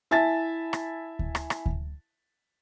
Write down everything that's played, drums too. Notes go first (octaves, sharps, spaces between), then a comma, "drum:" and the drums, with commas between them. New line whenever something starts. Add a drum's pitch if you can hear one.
E4 E5 G#5 A5 A6
drum: rim click
drum: kick D2
drum: rim click
drum: rim click
drum: kick D2